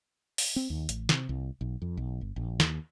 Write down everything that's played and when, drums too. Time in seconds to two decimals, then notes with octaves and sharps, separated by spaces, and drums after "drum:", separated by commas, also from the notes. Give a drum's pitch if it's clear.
0.38 drum: open hi-hat
0.56 C4
0.70 D#2
0.89 A1, drum: hi-hat
1.09 C3, drum: snare
1.29 C2
1.61 B1
1.82 F2
1.97 B1
2.21 G1
2.36 A#1
2.60 D#2, drum: snare